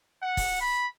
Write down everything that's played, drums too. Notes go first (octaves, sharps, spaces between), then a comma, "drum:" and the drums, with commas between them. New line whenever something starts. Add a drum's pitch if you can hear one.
F#5
drum: kick, open hi-hat
B5